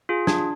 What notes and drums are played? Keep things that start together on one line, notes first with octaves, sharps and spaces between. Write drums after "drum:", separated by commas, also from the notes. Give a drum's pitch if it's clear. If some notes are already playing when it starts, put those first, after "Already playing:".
F4 G#4
D4, drum: snare